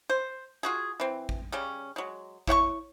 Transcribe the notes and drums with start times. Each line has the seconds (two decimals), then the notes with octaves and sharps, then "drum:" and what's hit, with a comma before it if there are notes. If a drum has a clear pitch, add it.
0.10 C5
0.63 F4 F#4 G#4
1.00 E3 C4
1.29 drum: kick A1
1.52 C#3 G3 C#4
1.96 F#3 G#3
2.48 E4 C#5 F#5 C#6, drum: kick A1